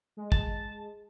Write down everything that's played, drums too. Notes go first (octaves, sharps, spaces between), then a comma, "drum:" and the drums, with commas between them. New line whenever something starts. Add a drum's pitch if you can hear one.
G#3
G#3 A5, drum: kick